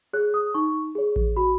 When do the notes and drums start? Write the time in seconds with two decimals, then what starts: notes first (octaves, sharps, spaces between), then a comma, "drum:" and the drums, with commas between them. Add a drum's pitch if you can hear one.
0.13 G#4 C#5 F#6
0.34 D#6
0.54 D#4 C#6
0.95 G#4 C#5
1.16 drum: kick A1
1.36 F#4 B5